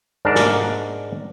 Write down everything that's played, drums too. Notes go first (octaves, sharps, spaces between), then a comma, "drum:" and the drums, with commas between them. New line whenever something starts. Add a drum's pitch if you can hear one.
G#2 D4 A#4 D5 A5
drum: snare